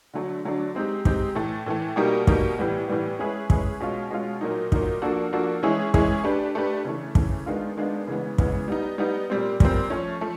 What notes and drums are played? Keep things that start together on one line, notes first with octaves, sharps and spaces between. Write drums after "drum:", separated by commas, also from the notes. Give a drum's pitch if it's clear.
D3 F#3 A3 D4
D3 F#3 A3 D4
G#3 C4 D#4 G4
G#3 C4 D#4 G4, drum: kick
A2 E3 A3
A2 E3 A3
B2 G3 A#3 D#4 G4
B2 G3 A#3 D#4 G4, drum: kick
A2 E3 G3 B3
A2 E3 G3 B3
G#3 C#4 E4 G#4 B4
G#3 C#4 E4 G#4 B4, drum: kick
B2 G#3 C#4 F4
B2 G#3 C#4 F4
A#2 F#3 A#3 D#4
A#2 F#3 A#3 D#4, drum: kick
F3 A#3 D4 F#4 A4
F3 A#3 D4 F#4 A4
E3 G#3 C#4 E4 G#4
E3 G#3 C#4 E4 G#4, drum: kick
A3 D4 G4 B4
A3 D4 G4 B4
C#3 E3 A3
C#3 E3 A3, drum: kick
D#3 G#3 B3 D4 F4
D#3 G#3 B3 D4 F4
C#3 E3 G#3 B3
C#3 E3 G#3 B3, drum: kick
G3 B3 D#4
G3 B3 D#4
A#2 G3 C4
A#2 G3 C4, drum: kick
F3 A3 C#4
F3 A3